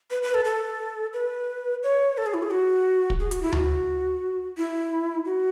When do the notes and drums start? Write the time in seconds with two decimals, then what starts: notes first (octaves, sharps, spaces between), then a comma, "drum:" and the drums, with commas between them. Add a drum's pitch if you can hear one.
0.10 B4
0.22 B4
0.34 A4
0.45 A4
1.13 B4
1.83 C#5
2.17 A4
2.26 G#4
2.34 E4
2.43 G#4
2.51 F#4
3.10 drum: kick
3.20 G#4
3.31 F#4, drum: hi-hat
3.42 E4
3.52 F#4, drum: tom D2
4.57 E4
5.25 F#4